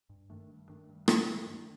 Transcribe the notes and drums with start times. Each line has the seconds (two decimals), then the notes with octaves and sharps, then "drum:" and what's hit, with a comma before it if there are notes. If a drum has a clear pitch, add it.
0.09 G2
0.30 D#3 A3 D4
0.49 G2
0.69 D#3 A3 D4
0.89 G2
1.08 D#3 A3 D4, drum: rim click
1.28 G2
1.48 D#3 A3 D4